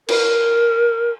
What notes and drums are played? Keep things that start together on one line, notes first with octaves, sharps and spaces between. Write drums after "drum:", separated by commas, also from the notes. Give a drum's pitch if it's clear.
A#4, drum: cymbal